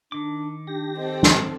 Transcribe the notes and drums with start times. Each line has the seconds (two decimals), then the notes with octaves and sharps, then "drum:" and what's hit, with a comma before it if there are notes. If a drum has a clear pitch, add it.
0.12 D#3 D4 D6
0.67 D4 G4 A#6
0.97 C4 A4 D#5
1.23 drum: snare